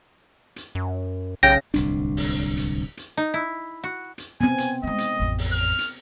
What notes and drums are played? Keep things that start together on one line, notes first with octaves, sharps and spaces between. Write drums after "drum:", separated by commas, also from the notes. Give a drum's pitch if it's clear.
drum: hi-hat
F#2
B1 C#3 G5 A#6
D1 C2 D4, drum: hi-hat
drum: open hi-hat
drum: hi-hat
drum: hi-hat
D#4
E4
F#4
drum: hi-hat
B3 C4 G#5
drum: hi-hat
G#3 D#4 D#5
drum: hi-hat
A1 F2
drum: open hi-hat
F6
drum: hi-hat